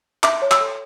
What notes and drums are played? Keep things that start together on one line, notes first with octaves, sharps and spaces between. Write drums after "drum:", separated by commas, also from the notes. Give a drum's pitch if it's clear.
E5 D6, drum: clap
C#5
E6, drum: clap
A4